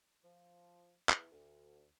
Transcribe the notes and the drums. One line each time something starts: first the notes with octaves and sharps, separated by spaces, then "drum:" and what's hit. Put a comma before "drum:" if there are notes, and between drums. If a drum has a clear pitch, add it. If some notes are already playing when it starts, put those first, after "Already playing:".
F3
E2, drum: clap
D2